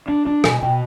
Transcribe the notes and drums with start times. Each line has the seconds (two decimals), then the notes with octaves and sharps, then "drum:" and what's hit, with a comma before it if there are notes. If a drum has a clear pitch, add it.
0.08 D4
0.27 D4
0.44 B2 G#5, drum: rim click
0.62 B2 G5